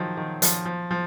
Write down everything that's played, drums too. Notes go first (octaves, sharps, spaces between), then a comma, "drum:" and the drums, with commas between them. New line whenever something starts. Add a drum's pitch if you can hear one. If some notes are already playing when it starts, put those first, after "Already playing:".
Already playing: D#3 F3 F#3
D#3
F3, drum: hi-hat
F3
F3